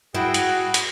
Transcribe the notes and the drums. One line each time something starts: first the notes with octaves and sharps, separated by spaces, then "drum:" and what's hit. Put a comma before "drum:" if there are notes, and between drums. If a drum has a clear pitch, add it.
E4 F#4 G#4 G5
drum: hi-hat
drum: hi-hat